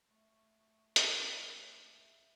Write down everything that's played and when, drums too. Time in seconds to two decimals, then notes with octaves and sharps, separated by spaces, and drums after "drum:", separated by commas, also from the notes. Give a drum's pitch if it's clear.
0.09 A3 C#6
0.96 drum: hi-hat
1.86 E5